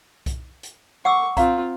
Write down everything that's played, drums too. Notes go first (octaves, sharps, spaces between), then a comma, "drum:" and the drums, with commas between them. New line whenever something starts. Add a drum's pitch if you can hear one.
drum: kick B1, hi-hat
drum: hi-hat
F#5 C#6 D6 E6
C4 F4 F5 A#5, drum: kick B1, hi-hat